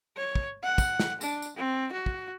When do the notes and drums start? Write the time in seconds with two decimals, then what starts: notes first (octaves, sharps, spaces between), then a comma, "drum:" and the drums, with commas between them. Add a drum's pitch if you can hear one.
0.16 C#5
0.35 drum: kick
0.63 F#5
0.78 drum: kick, tambourine
1.00 drum: snare
1.21 D4, drum: tambourine
1.42 drum: tambourine
1.56 C4
1.92 F#4
2.06 drum: kick